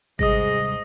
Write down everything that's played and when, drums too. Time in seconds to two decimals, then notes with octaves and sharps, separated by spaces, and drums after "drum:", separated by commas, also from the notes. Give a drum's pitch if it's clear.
0.19 D#1 G#2 C3 G3 G#4 D#5 D#6 A#6, drum: kick G#1